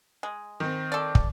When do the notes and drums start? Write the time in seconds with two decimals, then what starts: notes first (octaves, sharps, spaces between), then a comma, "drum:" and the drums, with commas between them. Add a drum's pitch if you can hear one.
0.23 G#3
0.60 D#3 C4
0.92 A4 D5
1.15 drum: kick